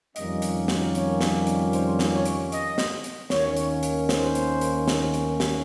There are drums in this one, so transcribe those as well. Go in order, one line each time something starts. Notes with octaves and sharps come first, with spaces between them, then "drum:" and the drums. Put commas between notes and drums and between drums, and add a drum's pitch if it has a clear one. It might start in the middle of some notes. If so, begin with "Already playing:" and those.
F2 D#3 G3 A#3 C#4 D#5, drum: hi-hat
drum: hi-hat
drum: snare
C#5, drum: hi-hat
drum: snare
drum: hi-hat
C5, drum: hi-hat
drum: snare
C#5
drum: hi-hat
D#5, drum: hi-hat
drum: snare
drum: hi-hat
D#2 D#3 A#3 C#4 C#5, drum: snare
drum: hi-hat
drum: hi-hat
C5, drum: snare
drum: hi-hat
drum: hi-hat
drum: snare
drum: hi-hat
drum: snare